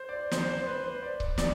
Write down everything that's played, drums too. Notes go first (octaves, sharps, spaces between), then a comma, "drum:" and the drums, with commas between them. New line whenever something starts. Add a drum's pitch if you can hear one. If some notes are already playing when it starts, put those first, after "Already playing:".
Already playing: C5
D5
C5, drum: snare
C5
B4
C5
D5
drum: kick C#1
D5, drum: snare